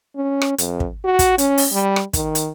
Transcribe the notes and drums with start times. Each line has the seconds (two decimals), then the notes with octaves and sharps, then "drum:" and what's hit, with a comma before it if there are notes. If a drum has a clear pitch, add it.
0.16 C#4
0.42 drum: rim click
0.58 F2, drum: hi-hat
0.80 drum: kick
1.04 F#4
1.19 drum: kick, hi-hat
1.38 C#4, drum: hi-hat
1.58 drum: open hi-hat
1.72 G3
1.96 drum: rim click
2.13 D#3, drum: kick, hi-hat
2.35 drum: hi-hat